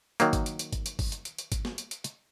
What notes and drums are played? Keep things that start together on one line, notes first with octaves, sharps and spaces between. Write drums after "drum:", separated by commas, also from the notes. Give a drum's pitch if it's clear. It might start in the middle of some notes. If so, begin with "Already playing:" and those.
D#3 F#3 A#3, drum: hi-hat
drum: kick, hi-hat
drum: hi-hat
drum: hi-hat
drum: kick, hi-hat
drum: hi-hat
drum: kick, open hi-hat
drum: hi-hat
drum: hi-hat
drum: hi-hat
drum: kick, hi-hat
drum: snare
drum: hi-hat
drum: hi-hat
drum: hi-hat